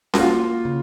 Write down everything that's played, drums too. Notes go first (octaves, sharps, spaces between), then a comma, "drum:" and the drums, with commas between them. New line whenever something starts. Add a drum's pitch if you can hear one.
F#4, drum: snare C#4
A#3 F4
C#3